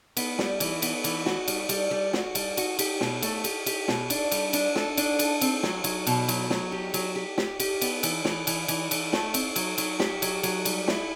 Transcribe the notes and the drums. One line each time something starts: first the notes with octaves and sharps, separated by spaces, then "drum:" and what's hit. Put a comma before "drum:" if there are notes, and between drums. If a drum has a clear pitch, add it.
B3, drum: cymbal
G3, drum: snare
E3, drum: cymbal
B3, drum: cymbal
E3, drum: cymbal
F#4, drum: snare
G3, drum: cymbal
G3, drum: cymbal
G3
F#4, drum: snare
G3, drum: cymbal
F#4, drum: cymbal
G4, drum: cymbal
B2, drum: snare
A3, drum: cymbal
G4, drum: cymbal
G4, drum: cymbal
B2, drum: snare
D4, drum: cymbal
G3, drum: cymbal
D4, drum: cymbal
A4, drum: snare
D4, drum: cymbal
A4, drum: cymbal
C4, drum: cymbal
F#3, drum: snare
F#3, drum: cymbal
B2, drum: cymbal
F#3, drum: cymbal
F#3, drum: snare
G4
F#3, drum: cymbal
G4
G4, drum: snare
G4, drum: cymbal
B3, drum: cymbal
E3, drum: cymbal
E3, drum: snare
E3, drum: cymbal
E3, drum: cymbal
E3, drum: cymbal
A3, drum: snare
C4, drum: cymbal
F#3, drum: cymbal
F#3, drum: cymbal
G4, drum: snare
F#3, drum: cymbal
F#3, drum: cymbal
G3, drum: cymbal
E4, drum: snare